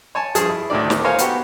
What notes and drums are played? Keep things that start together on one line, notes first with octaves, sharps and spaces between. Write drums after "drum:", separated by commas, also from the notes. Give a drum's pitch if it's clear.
C#5 G#5 A5
G2 F3 G#4 A5 D#6, drum: hi-hat
E4
D2 A2 D#3 D5
drum: snare
A#4 C5 C#5 F5 G#5 A#5
B3 F#4 G4, drum: hi-hat